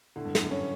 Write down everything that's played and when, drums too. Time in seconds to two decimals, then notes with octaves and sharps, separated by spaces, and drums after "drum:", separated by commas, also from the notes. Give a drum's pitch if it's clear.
0.16 A2 D3
0.25 G2
0.35 F#2, drum: snare
0.44 G2
0.51 C#4